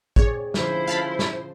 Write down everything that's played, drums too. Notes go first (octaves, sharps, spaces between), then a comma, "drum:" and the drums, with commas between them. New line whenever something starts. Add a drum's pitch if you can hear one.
C4 G#4 C#5 D5, drum: kick
D3 F3 C#4 E4 C5, drum: snare
C#4 F5 A5 B5
drum: snare